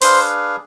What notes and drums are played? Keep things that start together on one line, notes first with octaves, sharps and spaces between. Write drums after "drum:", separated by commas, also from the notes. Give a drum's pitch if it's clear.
D4 G#4 B4 C5 F5 C6, drum: open hi-hat